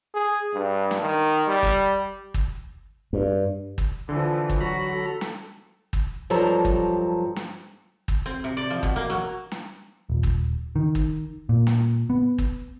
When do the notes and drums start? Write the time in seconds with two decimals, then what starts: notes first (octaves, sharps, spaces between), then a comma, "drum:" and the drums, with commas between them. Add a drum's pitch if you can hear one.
0.14 G#4
0.54 G2
0.91 drum: snare
1.02 D#3
1.48 G3
1.63 drum: kick
2.34 drum: kick
3.13 G2
3.78 drum: kick
4.09 D3 E3 F3
4.50 drum: kick
4.61 F#3 F#4 A#5 B5
4.93 A4
5.21 drum: snare
5.93 drum: kick
6.30 G2 F3 F#3 A4 A#5
6.65 drum: kick
7.36 drum: snare
8.08 drum: kick
8.26 C4
8.44 C3
8.57 D5
8.70 F3
8.83 B2, drum: kick
8.96 A#3
9.10 F#3
9.52 drum: snare
10.10 D#1
10.23 drum: kick
10.76 D#3
10.95 drum: kick
11.49 A#2
11.67 drum: snare
12.10 B3
12.38 drum: kick